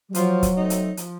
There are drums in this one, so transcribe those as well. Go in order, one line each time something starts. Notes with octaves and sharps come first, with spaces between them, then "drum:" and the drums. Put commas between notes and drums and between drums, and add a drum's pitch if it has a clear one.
G3
F3 F#3, drum: hi-hat
drum: kick C#1, hi-hat
A3 C4 D#4
drum: hi-hat
F3, drum: hi-hat